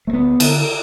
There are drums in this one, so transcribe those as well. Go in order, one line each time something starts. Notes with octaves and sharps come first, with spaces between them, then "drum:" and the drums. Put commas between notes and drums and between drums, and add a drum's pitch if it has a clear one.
A3
D2 B3
D3, drum: cymbal